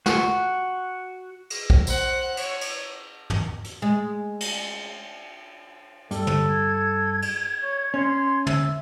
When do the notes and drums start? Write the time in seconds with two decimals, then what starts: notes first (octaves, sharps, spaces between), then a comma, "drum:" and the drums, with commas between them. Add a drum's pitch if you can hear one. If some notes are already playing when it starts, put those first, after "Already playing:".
0.06 F#4, drum: snare
1.50 drum: cymbal
1.70 drum: kick
1.87 C5 F#5, drum: tambourine
2.37 C#5, drum: cymbal
2.61 drum: cymbal
3.30 drum: tom
3.64 drum: hi-hat
3.82 G#3
4.40 drum: cymbal
6.11 G2 A4, drum: hi-hat
6.27 drum: tom
6.49 G#6
7.22 drum: cymbal
7.63 C#5
7.94 C#4 C6
8.46 E5, drum: tom